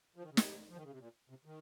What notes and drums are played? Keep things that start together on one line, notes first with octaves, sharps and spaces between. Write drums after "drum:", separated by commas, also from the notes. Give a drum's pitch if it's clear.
F3
D#3
C#3
C3, drum: snare
F3
D#3
C#3
C3
A#2
C3
D#3